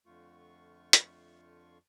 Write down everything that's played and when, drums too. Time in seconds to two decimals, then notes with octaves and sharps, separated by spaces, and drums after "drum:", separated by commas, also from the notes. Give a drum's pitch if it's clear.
0.06 F2 D3 A3 F4 C#6
0.93 drum: hi-hat